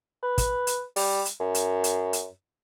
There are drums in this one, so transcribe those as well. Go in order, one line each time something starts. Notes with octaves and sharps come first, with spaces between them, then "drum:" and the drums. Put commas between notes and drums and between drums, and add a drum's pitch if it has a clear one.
B4
drum: kick, hi-hat
drum: hi-hat
G3, drum: open hi-hat
drum: hi-hat
F#2
drum: hi-hat
drum: hi-hat
drum: hi-hat